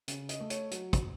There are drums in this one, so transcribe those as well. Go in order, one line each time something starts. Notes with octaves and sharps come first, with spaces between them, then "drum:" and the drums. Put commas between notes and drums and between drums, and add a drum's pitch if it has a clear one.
C#3, drum: hi-hat
D#5, drum: hi-hat
A3
C#5, drum: hi-hat
F#3, drum: hi-hat
drum: kick, hi-hat